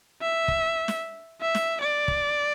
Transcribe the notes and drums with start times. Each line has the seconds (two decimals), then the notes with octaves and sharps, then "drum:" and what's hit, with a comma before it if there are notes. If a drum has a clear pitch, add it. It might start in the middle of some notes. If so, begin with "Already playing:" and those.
0.22 E5
0.48 drum: kick
0.88 drum: snare
1.41 E5
1.55 drum: snare
1.81 D5
2.08 drum: kick